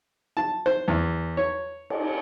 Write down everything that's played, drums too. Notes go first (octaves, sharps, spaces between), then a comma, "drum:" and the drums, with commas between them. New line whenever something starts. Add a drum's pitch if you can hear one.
A5
C5
E2
C#5
drum: cymbal